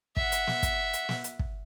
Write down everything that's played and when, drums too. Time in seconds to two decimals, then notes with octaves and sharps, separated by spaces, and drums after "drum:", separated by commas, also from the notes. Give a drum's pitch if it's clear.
0.17 E5 F#5, drum: kick
0.32 drum: hi-hat
0.47 drum: snare
0.63 drum: kick, hi-hat
0.93 drum: hi-hat
1.09 drum: snare
1.24 drum: hi-hat
1.39 drum: kick